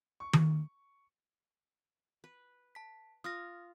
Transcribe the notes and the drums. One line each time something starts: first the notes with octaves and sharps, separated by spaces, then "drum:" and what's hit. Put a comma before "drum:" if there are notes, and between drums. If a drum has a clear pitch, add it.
C#6
drum: tom D#3
B4
A5 B6
F4 D#6 F6 A#6